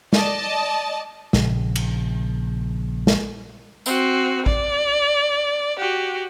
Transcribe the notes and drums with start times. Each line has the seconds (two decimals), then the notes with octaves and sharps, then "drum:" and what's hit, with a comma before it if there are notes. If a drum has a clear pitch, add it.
0.13 D5 D#5 A5, drum: snare
1.33 A#1 C#3, drum: snare
1.76 drum: cymbal
3.07 drum: snare
3.86 C4 F#4, drum: tambourine
4.46 D5, drum: kick
5.79 F#4 G4